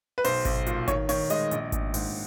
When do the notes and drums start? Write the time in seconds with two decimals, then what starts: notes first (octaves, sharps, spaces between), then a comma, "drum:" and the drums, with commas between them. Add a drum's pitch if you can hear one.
0.18 B4
0.24 B1 C5, drum: open hi-hat
0.45 B1, drum: kick G#1, hi-hat
0.66 A#2, drum: hi-hat
0.88 D#3 C#5, drum: kick G#1, hi-hat
1.09 D#3 C#5, drum: open hi-hat
1.30 G#3 D#5, drum: hi-hat
1.51 A#1, drum: hi-hat
1.72 A#1, drum: kick G#1, hi-hat
1.94 G#2, drum: open hi-hat